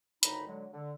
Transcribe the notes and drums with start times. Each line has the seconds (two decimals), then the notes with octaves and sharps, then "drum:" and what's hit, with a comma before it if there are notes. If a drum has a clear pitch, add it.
0.23 D2 A2 D#3 D#4 A#5 B5, drum: hi-hat
0.48 D3 F#3 G#3
0.73 D3